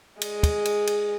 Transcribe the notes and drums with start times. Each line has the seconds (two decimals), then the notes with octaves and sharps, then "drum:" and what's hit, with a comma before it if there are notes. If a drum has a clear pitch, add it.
0.21 G#3, drum: cymbal
0.43 drum: kick, cymbal
0.65 drum: cymbal
0.87 drum: cymbal